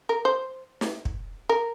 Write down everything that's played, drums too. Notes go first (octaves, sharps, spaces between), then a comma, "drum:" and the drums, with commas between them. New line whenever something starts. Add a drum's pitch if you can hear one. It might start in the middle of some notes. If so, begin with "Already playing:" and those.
A#4
C5
drum: snare
drum: kick
A#4